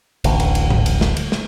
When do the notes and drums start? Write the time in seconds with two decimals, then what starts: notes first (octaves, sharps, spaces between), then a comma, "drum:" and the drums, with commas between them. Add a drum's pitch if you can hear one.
0.24 D1 A1 D2, drum: cymbal
0.40 drum: cymbal
0.55 drum: cymbal
0.70 drum: tom G#2
0.86 drum: cymbal
1.01 drum: snare
1.17 drum: cymbal
1.32 drum: snare